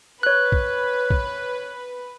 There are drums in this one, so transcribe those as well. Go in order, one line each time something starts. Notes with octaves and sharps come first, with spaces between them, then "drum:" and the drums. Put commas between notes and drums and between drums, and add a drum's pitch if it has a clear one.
B4 C#5 F#6
drum: kick
drum: kick